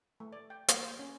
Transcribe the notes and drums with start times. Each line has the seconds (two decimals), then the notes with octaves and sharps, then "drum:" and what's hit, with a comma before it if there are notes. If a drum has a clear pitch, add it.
0.20 A3
0.33 D5
0.50 G5
0.68 A#3, drum: hi-hat
0.83 C5
0.99 C#4